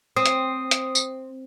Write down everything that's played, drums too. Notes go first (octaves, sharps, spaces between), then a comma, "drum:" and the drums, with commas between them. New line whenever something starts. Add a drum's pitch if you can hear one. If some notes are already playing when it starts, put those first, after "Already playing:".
C4 D#6 C7
drum: hi-hat
drum: hi-hat
drum: tambourine